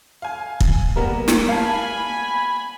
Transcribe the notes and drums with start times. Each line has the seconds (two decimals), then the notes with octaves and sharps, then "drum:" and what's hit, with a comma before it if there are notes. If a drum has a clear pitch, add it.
0.22 F5 G#5
0.60 drum: kick
0.96 G3 A#3 B3 A#4 E7
1.28 drum: snare
1.48 F5 G#5 A5 B5